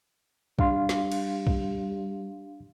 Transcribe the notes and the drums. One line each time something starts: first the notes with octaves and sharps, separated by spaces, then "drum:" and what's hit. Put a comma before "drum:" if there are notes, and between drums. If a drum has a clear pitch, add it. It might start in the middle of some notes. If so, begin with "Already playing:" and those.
G3 D4 F5 C6, drum: kick
drum: snare
drum: cymbal
drum: kick